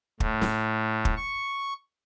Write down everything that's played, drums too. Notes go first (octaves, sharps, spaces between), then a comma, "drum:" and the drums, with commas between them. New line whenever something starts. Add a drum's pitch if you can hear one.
A2, drum: kick
drum: snare
drum: kick
C#6